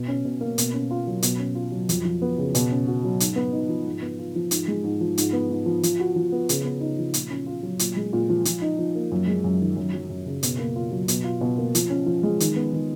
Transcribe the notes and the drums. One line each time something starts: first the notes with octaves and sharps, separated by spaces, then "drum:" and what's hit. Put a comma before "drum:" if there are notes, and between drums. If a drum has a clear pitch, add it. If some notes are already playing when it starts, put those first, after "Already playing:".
Already playing: B2
C#4
B2
A#3
B2, drum: hi-hat
C#4
F4
F#3
B2, drum: hi-hat
C#4
F4
F#3
F2, drum: hi-hat
F3
B3
C#3
B2, drum: hi-hat
C#4
F#4
F#3
G#2, drum: hi-hat
B3
D#4
F3
G#2
B3
F4
F3
G#2, drum: hi-hat
G#3
G#2
F3
G#2, drum: hi-hat
B3
G#2
F3
F3, drum: hi-hat
F#4
F3
B3
C#3, drum: hi-hat
B3
D#4
F3
A#2, drum: hi-hat
C#4
F4
F#3
A#2, drum: hi-hat
G#3
A#2
F3
F3, drum: hi-hat
D#4
F3
A#3
F#2
G#3
F#2
D#3
F#2
F#3
F#2
C#3
B2, drum: hi-hat
A#3
F4
F#3
B2, drum: hi-hat
F4
B2
A#3
F3, drum: hi-hat
C#4
F3
G#3
D#3, drum: hi-hat
B3
D#3